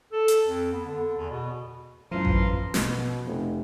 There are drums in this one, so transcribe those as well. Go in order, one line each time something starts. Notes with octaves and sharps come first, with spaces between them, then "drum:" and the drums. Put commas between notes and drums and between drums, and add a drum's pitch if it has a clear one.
A4
drum: hi-hat
F2
B3
D3
E2
B2
F#2 E3 F3 B4 F5 A#5 C6
drum: kick A1
B2, drum: snare
F1